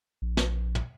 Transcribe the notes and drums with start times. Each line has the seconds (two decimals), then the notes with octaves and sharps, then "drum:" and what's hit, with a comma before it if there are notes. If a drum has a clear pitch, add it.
0.22 A#1
0.37 drum: snare
0.75 drum: tom